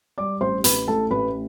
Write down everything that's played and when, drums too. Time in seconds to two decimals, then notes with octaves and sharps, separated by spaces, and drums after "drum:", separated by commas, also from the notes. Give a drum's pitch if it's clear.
0.18 G3 D5 D6
0.41 A1 C5 C6
0.64 A1 B4 B5, drum: hi-hat
0.88 A2 A4 A5
1.11 A1 B4 B5